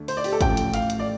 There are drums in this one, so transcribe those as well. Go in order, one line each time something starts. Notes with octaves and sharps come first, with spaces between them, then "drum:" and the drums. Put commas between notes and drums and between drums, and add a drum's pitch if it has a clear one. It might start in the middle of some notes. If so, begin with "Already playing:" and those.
Already playing: D2 D3 A3
C5, drum: open hi-hat
D5
G4, drum: open hi-hat
A4
A1 A2 F3 A3 G5, drum: kick G#1, hi-hat
drum: hi-hat
F5, drum: hi-hat
drum: hi-hat
D5